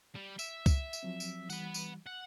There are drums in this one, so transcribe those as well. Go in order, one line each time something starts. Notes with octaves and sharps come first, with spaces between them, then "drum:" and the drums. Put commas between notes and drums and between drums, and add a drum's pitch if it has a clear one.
G3
E5, drum: tambourine
drum: kick C2, tambourine
drum: tambourine
F3 F#3 C4
drum: tambourine
E3 G3 F#5 B5, drum: tambourine
drum: tambourine
F#5